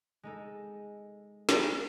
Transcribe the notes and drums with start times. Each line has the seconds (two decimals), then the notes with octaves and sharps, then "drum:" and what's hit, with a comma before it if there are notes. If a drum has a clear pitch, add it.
0.23 G#3 D#4 A4
1.49 drum: snare